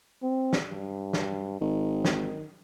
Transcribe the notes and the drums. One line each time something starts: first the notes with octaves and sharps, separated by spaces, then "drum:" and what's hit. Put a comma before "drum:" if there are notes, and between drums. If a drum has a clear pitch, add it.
C4
drum: snare
G2
drum: snare
G#1 D#3
drum: snare